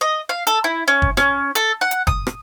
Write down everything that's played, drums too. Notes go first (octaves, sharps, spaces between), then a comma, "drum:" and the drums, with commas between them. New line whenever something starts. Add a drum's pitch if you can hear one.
D#5
F5
A4, drum: hi-hat
E4
C#4
drum: kick
C#4, drum: rim click
A4, drum: hi-hat
F#5
drum: hi-hat
D#6, drum: kick
drum: rim click